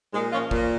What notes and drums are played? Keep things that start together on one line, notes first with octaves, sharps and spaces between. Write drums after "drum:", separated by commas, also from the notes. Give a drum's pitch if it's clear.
A#2 G#3
F3 C#4 F4
A#2, drum: kick